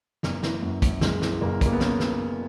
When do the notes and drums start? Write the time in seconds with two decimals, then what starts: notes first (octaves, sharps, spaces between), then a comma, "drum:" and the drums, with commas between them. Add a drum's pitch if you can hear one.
0.23 F#1 A#3, drum: snare
0.43 E3, drum: snare
0.62 F#2
0.82 F#2, drum: kick, hi-hat
1.01 F#1 G#3, drum: snare
1.22 E3, drum: snare
1.41 F#1 A#3
1.61 F#1 A#3, drum: kick, hi-hat
1.73 B3
1.80 C#4, drum: snare
2.00 drum: snare